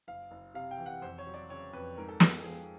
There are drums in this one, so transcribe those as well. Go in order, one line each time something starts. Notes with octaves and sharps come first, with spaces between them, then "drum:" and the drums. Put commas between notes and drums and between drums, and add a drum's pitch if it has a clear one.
F#1 F5
F#1
C3 F5
G5
E3
F#5
F2 C5
C#5
F#3
D5
C#3 C#5
F2 B4
G#2 A#4
A4
G#2 G#4, drum: snare
F3 G#4